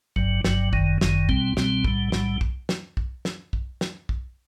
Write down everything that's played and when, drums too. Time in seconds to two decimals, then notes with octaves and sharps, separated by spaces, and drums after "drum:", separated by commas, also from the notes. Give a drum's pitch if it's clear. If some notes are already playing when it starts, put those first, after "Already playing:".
0.16 G1 G2 F#3, drum: kick
0.44 G1 G2 F#3, drum: snare
0.73 G1 F#2 D#3, drum: kick
1.01 G1 F#2 D#3, drum: snare
1.29 C2 B2 G3 C4, drum: kick
1.57 C2 B2 G3 C4, drum: snare
1.84 B1 A2 G3, drum: kick
2.12 B1 A2 G3, drum: snare
2.41 drum: kick
2.69 drum: snare
2.97 drum: kick
3.25 drum: snare
3.53 drum: kick
3.81 drum: snare
4.09 drum: kick